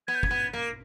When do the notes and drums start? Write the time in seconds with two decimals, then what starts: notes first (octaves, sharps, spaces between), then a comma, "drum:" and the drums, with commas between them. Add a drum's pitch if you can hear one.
0.07 B3 G#6
0.15 G6
0.23 G#6, drum: kick
0.31 B3
0.53 A#3